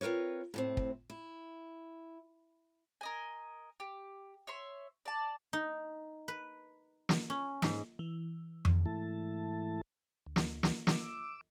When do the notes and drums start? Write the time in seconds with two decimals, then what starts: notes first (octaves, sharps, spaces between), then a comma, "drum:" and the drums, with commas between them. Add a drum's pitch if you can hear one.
0.01 C4 F4 A#4 B4 C#5
0.54 A2 C3 C4
0.77 drum: kick
1.10 E4
3.01 A#4 D#5 G#5
3.80 G4
4.47 C#5 E5 C6
5.05 D5 A5
5.53 D#4
6.28 B4
7.09 drum: snare
7.30 C#4
7.62 G#2, drum: snare
7.99 E3
8.65 drum: tom F2
8.86 G#2 E3 A3 E4 A5
10.26 D2
10.36 drum: snare
10.63 drum: snare
10.87 D6 E6, drum: snare